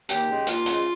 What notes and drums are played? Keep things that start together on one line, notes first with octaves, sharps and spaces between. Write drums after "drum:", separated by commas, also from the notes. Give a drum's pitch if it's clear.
D#2 G4, drum: hi-hat
C#3 G#3
D#2 F4, drum: hi-hat
C#3 G#3, drum: hi-hat